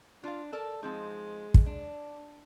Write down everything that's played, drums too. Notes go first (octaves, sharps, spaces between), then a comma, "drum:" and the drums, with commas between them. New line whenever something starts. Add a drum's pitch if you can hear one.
D4 F4 F5
A4 A#4 D5 A5
F3 G#3 C4 D#4
drum: kick
D4